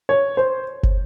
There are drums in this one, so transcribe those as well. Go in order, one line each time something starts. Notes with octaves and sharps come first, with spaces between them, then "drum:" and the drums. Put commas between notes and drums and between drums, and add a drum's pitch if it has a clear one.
C#5
C5
drum: kick